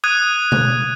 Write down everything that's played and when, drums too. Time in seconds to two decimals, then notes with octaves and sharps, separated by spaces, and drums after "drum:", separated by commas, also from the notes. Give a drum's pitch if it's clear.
0.04 D#6 F#6 G#6 D#7
0.52 drum: tom B2